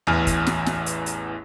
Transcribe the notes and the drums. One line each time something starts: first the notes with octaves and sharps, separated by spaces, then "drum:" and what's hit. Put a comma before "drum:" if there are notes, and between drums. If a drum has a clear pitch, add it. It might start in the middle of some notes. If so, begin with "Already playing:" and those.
A1 E2 E3 G#5 F6, drum: tom
drum: kick, hi-hat
drum: snare
drum: snare
drum: hi-hat
drum: hi-hat